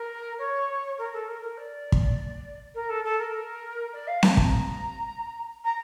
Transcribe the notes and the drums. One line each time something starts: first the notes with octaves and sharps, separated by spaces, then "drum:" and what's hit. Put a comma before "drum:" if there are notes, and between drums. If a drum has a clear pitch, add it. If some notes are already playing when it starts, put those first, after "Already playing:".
Already playing: A#4
C#5
A#4
A4
A#4
A#4
D5
drum: kick
A#4
A4
A4
A#4
D5
F5
A5, drum: snare C4
A#5, drum: kick
A#5